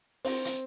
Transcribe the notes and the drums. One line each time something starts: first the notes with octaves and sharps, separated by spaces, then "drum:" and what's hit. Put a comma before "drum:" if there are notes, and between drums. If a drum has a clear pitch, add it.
C4, drum: open hi-hat
drum: hi-hat